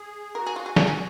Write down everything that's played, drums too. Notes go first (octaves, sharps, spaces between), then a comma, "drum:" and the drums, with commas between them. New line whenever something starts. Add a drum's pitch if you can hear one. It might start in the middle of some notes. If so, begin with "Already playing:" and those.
Already playing: G#4
F#4 A#4
G#4
F4
G#4
G#4, drum: snare
G#4